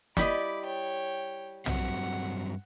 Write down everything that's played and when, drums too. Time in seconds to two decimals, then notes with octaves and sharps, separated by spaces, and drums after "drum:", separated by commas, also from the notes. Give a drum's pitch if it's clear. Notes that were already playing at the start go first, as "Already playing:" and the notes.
0.17 G3 E4 D#5 B5 D6, drum: snare
0.66 C#5 G5
1.66 G2 F#3 C4 F#5, drum: tom B1